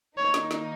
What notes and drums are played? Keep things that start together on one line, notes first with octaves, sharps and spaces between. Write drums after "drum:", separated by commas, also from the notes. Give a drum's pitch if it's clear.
D#3 A#3 D#4 C#5
drum: snare
drum: snare